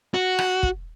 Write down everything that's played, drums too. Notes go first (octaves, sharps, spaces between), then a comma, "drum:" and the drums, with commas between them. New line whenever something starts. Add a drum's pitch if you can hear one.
F#4
drum: rim click
drum: kick